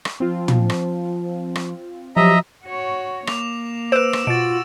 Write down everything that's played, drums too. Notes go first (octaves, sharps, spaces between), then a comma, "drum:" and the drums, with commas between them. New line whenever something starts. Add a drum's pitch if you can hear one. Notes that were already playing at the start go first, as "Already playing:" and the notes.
drum: rim click
F3 C4 F4
drum: tom
drum: rim click
drum: rim click
F3 F#3 G4 D#5 E5 A#5
F#4 C#5
A#3 D6 F7, drum: rim click
B4 C5 E6 D7 E7
drum: rim click
B2 F4 F#4 A6 D7